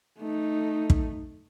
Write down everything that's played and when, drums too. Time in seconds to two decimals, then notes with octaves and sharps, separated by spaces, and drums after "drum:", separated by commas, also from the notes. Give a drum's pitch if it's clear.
0.18 A3 D#4
0.90 drum: kick